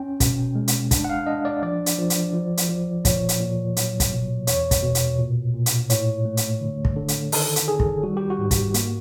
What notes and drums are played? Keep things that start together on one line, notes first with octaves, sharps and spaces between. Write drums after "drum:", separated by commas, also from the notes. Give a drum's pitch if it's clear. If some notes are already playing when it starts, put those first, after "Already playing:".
Already playing: C#4 G5
B2, drum: kick, hi-hat
G#3
drum: hi-hat
D4, drum: kick, hi-hat
F#5
F5
D4 D#5
D5
F3 D5
drum: hi-hat
F3
drum: hi-hat
F3
drum: hi-hat
F3
A#2 C#5, drum: kick, hi-hat
drum: hi-hat
A#2
F#3, drum: hi-hat
drum: kick, hi-hat
B2
E2 C#5, drum: hi-hat
drum: kick, hi-hat
B2
drum: hi-hat
A#2
A#2
drum: hi-hat
A2 C#5, drum: hi-hat
A3
drum: hi-hat
D3
drum: kick
D3
drum: hi-hat
D#3 A4, drum: open hi-hat
drum: hi-hat
D#3 G#4
drum: kick
G3 F#4
G4
F#4
G#2
drum: kick, hi-hat
A#3, drum: hi-hat